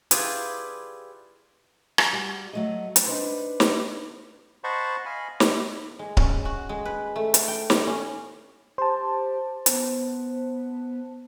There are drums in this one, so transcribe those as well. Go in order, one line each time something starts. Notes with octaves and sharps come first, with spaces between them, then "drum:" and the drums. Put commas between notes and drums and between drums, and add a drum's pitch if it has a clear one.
E4 F4 G4 G#4 B4 D5, drum: hi-hat
drum: rim click
G3 F#4
F#3 A3 D#5
drum: hi-hat
D4 D#4 B4 C5
drum: snare
C5 D#5 F#5 A5 B5 C#6
D#5 F5 G#5 B5
E5, drum: snare
G#3
C#4, drum: kick C#1
F#4
G#3
B4
A3
F5, drum: hi-hat
G5
F5, drum: snare
C#4
G4 C5 A5
B3, drum: hi-hat